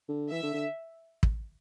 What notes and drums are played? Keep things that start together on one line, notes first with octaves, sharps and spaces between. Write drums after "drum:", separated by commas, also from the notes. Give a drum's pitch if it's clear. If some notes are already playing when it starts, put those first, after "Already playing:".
D3
E3 E5
D3
D3
drum: kick